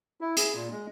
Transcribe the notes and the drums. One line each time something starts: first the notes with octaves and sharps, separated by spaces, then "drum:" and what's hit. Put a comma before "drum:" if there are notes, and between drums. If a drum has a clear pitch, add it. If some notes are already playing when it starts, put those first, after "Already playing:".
E4
G#4, drum: hi-hat
A#2
G#3